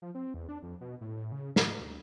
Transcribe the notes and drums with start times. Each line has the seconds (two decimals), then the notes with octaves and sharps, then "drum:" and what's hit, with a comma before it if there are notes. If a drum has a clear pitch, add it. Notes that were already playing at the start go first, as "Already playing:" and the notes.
0.02 F3
0.15 C4
0.34 E2
0.49 D4
0.63 F2
0.81 B2
1.01 A2
1.17 A2
1.32 C#3
1.56 G#2, drum: snare
1.81 D2